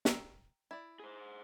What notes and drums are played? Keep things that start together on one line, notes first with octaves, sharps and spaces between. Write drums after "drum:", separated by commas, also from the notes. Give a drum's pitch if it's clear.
G5 A#5 E6, drum: snare
E4 D5
G#4 C5